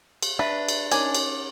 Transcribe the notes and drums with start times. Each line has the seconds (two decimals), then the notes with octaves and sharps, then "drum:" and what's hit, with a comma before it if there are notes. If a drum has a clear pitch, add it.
0.23 drum: cymbal
0.39 D4 B4 E5
0.69 drum: cymbal
0.92 C#4 D#4 A#4 G#5 D6, drum: cymbal
1.15 drum: cymbal